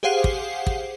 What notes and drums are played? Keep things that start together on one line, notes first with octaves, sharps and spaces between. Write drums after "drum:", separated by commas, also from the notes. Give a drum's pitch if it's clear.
G4 G#4 C5 F5 F#5 C7
drum: kick
drum: kick